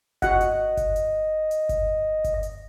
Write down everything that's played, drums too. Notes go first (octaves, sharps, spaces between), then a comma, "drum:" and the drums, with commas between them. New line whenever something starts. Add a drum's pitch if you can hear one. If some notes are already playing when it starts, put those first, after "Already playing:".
F#4 D#5 F#5, drum: kick G1, hi-hat
drum: hi-hat
drum: kick G1, hi-hat
drum: hi-hat
drum: hi-hat
drum: kick G1, hi-hat
drum: kick G1, hi-hat
drum: hi-hat